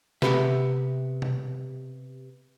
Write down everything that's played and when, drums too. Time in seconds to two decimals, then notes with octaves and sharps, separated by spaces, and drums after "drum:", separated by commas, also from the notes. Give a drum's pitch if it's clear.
0.22 C3 B3 E4 G4 B4 E5, drum: snare
1.22 drum: tom B2